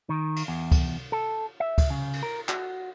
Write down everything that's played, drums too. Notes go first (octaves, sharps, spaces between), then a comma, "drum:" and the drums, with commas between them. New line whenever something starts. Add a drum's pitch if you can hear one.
D#3
drum: cymbal
E2
drum: kick C#2, cymbal
A4
E5
drum: kick C#2, cymbal
C#3
drum: cymbal
A#4
F#4, drum: clap